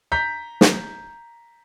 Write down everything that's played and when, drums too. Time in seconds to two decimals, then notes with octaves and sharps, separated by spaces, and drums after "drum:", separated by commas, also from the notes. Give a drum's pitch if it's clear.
0.12 A#5 G6 B6
0.61 drum: snare